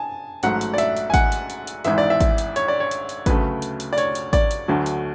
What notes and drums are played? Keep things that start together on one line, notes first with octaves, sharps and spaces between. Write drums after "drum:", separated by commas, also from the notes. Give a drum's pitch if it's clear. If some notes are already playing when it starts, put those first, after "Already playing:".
Already playing: G#5 A5
A1 G#2 F#3 A3 F#5, drum: hi-hat
drum: hi-hat
D5
E5, drum: hi-hat
drum: hi-hat
G#5
F#5, drum: kick G#1, hi-hat
drum: hi-hat
drum: hi-hat
drum: hi-hat
G#1 G#2 E3 G#3 E5, drum: hi-hat
D5
E5
drum: kick G#1, hi-hat
drum: hi-hat
C#5, drum: hi-hat
D5
C#5
drum: hi-hat
drum: hi-hat
D2 C#3 F#3 A3 B4, drum: kick G#1, hi-hat
drum: hi-hat
drum: hi-hat
D5
C#5, drum: hi-hat
drum: hi-hat
D5, drum: kick G#1, hi-hat
drum: hi-hat
D2 D3 F#3 A3
drum: hi-hat